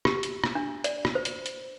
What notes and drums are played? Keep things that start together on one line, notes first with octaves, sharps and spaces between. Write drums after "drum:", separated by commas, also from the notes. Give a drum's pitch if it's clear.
G4, drum: rim click
drum: hi-hat
drum: rim click
D4
D5, drum: hi-hat
drum: rim click
C5
drum: hi-hat
drum: hi-hat